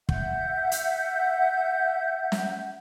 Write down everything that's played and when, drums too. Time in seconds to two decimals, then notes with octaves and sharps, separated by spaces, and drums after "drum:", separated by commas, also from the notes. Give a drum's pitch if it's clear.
0.09 E5 F#5 G6, drum: kick
0.71 drum: hi-hat
2.32 drum: snare